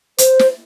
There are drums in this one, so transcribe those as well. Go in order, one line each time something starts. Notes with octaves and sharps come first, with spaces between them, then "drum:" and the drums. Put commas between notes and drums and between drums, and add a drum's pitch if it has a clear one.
C5, drum: hi-hat
drum: snare